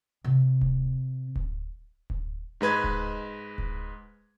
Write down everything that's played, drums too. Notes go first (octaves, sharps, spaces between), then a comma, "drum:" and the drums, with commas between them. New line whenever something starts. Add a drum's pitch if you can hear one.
C3
drum: kick D1
drum: kick D1
drum: kick D1
G#2 G#3 B4 G#6
drum: kick D1
drum: kick D1